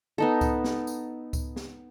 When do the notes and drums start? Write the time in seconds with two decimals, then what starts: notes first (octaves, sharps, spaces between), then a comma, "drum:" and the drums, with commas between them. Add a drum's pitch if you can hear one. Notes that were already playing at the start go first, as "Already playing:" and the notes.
0.18 B3 D#4 A4
0.41 drum: kick C#2, tambourine
0.64 drum: snare
0.87 drum: tambourine
1.33 drum: kick C#2, tambourine
1.56 drum: snare